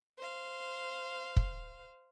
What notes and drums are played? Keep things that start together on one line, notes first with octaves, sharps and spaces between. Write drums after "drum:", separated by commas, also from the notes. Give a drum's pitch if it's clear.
C5 F5
drum: kick